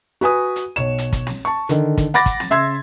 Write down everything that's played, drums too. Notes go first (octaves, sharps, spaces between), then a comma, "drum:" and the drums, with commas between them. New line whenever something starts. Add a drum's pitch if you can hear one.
F#4 B4 G#5 D#6
drum: hi-hat
B1 C#5 E7
drum: hi-hat
drum: kick, hi-hat
drum: snare
A5 C#6
D3 D#3, drum: hi-hat
drum: kick, hi-hat
F#5 B5 D6 A6 A#6, drum: hi-hat
drum: kick, hi-hat
drum: snare
C#3 E5 C6 E6 G#6